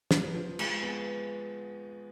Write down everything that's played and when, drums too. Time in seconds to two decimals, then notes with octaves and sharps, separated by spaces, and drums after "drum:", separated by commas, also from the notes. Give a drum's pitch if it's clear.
0.11 B3, drum: snare
0.34 F3
0.59 G#3, drum: cymbal
0.83 B3